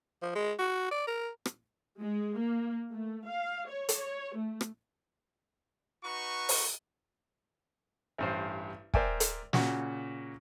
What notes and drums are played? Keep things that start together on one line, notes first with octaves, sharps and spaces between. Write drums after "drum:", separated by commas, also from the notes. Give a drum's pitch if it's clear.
F3
G#3
F#4
D5
A#4
drum: rim click
G#3
A#3
A3
F5
C#5
drum: hi-hat
C#5
A3
drum: rim click
D#4 F#4 B4 C#6
drum: open hi-hat
A1 G2 C5
A#4 C5 D5 E5 G5 G#5, drum: kick
drum: hi-hat
A#2 C#3 F#4, drum: snare